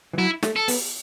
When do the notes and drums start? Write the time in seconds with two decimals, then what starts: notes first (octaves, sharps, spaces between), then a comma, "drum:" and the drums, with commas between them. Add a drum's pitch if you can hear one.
0.13 E3
0.18 F#3 E4
0.43 A3, drum: snare
0.56 A4
0.68 B3, drum: open hi-hat